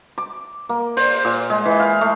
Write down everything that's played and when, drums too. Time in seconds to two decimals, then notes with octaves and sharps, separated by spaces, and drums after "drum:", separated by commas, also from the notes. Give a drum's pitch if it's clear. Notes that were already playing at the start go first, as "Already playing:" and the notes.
0.18 D6
0.69 A#3
0.97 C5, drum: open hi-hat
1.25 A#2
1.50 G#3
1.66 E3
1.80 F5
2.01 A3